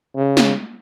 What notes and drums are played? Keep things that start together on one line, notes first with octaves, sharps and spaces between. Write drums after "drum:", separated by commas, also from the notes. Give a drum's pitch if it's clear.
C#3
drum: snare